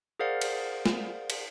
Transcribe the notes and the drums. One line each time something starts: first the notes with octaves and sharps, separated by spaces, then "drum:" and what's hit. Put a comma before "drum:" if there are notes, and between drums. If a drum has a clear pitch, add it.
G#4 A#4 C5 D5 F5 F#5
drum: cymbal
drum: snare
drum: cymbal